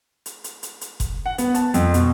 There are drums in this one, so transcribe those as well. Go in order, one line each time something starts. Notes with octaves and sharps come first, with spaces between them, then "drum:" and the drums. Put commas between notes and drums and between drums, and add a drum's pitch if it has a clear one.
drum: hi-hat
drum: hi-hat
drum: hi-hat
drum: hi-hat
drum: kick F#1, hi-hat
F#5
B3, drum: hi-hat
A5, drum: hi-hat
F2, drum: hi-hat
B2, drum: hi-hat